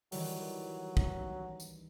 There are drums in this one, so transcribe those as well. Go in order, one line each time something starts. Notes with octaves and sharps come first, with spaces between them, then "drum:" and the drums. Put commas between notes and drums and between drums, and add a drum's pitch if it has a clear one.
D#3 E3 F#3 G3, drum: open hi-hat
drum: kick
drum: tambourine